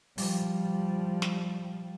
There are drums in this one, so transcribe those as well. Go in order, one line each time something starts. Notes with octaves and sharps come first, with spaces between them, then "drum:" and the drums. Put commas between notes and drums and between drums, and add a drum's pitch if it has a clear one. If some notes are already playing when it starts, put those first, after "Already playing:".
F3 G3, drum: open hi-hat
drum: snare